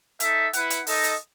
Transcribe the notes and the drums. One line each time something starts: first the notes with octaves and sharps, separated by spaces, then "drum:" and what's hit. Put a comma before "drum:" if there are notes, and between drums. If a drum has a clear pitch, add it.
D#4 A4 E5, drum: hi-hat
E4 B4 F#5, drum: hi-hat
drum: hi-hat
D#4 A4 D#5, drum: open hi-hat
drum: hi-hat